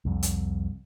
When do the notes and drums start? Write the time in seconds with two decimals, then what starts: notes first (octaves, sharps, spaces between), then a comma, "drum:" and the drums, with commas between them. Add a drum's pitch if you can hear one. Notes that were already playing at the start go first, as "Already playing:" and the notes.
0.05 C2 F2
0.23 drum: hi-hat